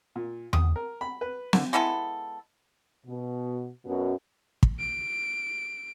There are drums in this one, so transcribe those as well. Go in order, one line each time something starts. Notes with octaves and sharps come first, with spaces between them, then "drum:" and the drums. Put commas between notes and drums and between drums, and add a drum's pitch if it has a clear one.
A#2
D#6, drum: tom E2
A#4
B5
B4
D3, drum: snare
G#3 B3 E4 A4
B2
F#2 B2
drum: kick
D7